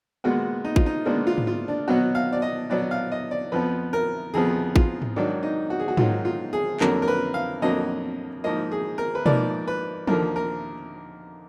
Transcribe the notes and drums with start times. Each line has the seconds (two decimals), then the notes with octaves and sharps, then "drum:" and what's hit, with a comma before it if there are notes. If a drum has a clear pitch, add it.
0.24 A#2 G#3 B3 F#4
0.65 D#4
0.76 F4, drum: kick A1
0.86 D#4
1.05 A#2 G#3 B3 D4
1.27 F4
1.38 drum: tom G#2
1.47 F4
1.68 D4
1.88 B2 F#3 B3 F#4
2.15 F5
2.33 D5
2.42 D#5
2.70 B2 F#3 B3 D5
2.91 F5
3.12 D#5
3.31 D5
3.52 F2 F3 B3 B4
3.93 A#4
4.34 F2 F3 B3 G#4
4.76 F4, drum: kick A1
5.02 drum: tom G#2
5.16 G#2 D#3 F#3 D4
5.43 D#4
5.70 F#4
5.80 G#4
5.88 F#4
5.97 G#2 D#3 F#3 F4, drum: tom G#2
6.25 F4
6.53 G#4
6.80 F2 D3 F#3 A#3 A#4, drum: clap
7.02 A#4
7.08 B4
7.34 F5
7.62 F2 D3 F#3 A#3 D#5
8.44 G#2 F3 A#3 D#5
8.72 G#4
8.98 A#4
9.15 B4
9.26 G#2 F3 A#3 D5, drum: tom B2
9.67 B4
10.07 D#2 D3 F3 A#3 A#4, drum: tom E3
10.36 A#4